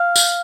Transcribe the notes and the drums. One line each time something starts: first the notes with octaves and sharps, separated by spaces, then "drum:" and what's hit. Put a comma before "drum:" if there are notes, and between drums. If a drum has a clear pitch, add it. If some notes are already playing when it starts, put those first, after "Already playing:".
Already playing: F5 F6
drum: tambourine